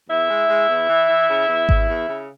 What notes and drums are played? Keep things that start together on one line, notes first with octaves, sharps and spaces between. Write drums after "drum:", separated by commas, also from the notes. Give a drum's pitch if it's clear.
E2 E4 E5
G#3
G#3
E2
E3
E3
C#3
E2
E2, drum: kick G#1
E2
C#3